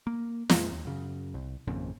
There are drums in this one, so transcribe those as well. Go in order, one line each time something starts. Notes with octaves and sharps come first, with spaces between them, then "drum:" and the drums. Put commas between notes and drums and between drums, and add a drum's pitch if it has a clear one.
A#3
F2 A#2 G#3, drum: snare
D#2
F#2 C#3
C2
G#1 F2 A#2 C#3